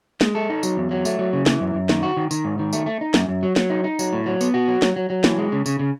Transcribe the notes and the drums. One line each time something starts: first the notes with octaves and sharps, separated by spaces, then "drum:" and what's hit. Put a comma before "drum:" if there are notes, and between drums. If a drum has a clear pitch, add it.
G#3, drum: snare
A4
D#4
F#3, drum: tambourine
E2
F#3
A3, drum: tambourine
F#3
C#3
E3, drum: snare
F#2
F#2
D#3, drum: snare
F#4
D#3
D#3, drum: tambourine
G#2
D#3
A3, drum: tambourine
A3
D#4
F#2, drum: snare
F#2
F#3
F#3, drum: snare
D#4
D#4
F#3, drum: tambourine
A2
F#3
B3, drum: tambourine
F#4
F#3
F#3, drum: snare
F#3
F#3
E3, drum: snare
G#3
C#3
C#3, drum: tambourine
C#3